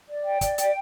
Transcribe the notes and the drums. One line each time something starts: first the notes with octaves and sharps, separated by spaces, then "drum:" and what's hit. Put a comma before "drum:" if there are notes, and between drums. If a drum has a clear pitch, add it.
D5
G5
D5, drum: kick, hi-hat
G5, drum: hi-hat